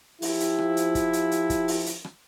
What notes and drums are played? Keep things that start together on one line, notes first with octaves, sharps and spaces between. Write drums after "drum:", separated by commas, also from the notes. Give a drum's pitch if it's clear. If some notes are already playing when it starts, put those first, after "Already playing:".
F3 E4 G4, drum: open hi-hat
drum: hi-hat
drum: rim click
drum: hi-hat
drum: kick, hi-hat
drum: hi-hat
drum: hi-hat
drum: kick, hi-hat
drum: open hi-hat
drum: hi-hat
drum: rim click